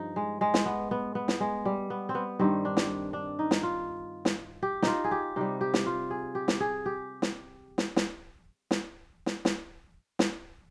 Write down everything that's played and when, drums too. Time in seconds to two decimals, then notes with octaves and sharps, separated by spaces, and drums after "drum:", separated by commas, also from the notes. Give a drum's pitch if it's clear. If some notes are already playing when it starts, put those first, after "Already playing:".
Already playing: G2 F3 D#4
0.16 G#3
0.41 G#3
0.54 drum: snare
0.66 B3
0.91 B3
1.15 B3
1.28 drum: snare
1.40 G#3
1.65 G3
1.90 B3
2.09 C4
2.15 B3
2.39 G2 D#3 G3 C4
2.65 D4
2.77 drum: snare
3.13 D4
3.39 D#4
3.51 drum: snare
3.63 F4
4.25 drum: snare
4.63 G4
4.82 D#4 F4, drum: snare
5.04 G#4
5.11 G4
5.36 C3 G3 D#4
5.61 G4
5.74 drum: snare
5.86 F4
6.10 G#4
6.35 G4
6.48 drum: snare
6.60 G#4
6.86 G4
7.22 drum: snare
7.78 drum: snare
7.96 drum: snare
8.71 drum: snare
9.26 drum: snare
9.45 drum: snare
10.19 drum: snare